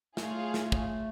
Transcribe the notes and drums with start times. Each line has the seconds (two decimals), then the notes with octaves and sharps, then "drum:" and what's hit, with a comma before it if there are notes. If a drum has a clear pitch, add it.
0.17 A3 F4 G#4 C#5 F5, drum: snare
0.54 drum: snare
0.72 drum: kick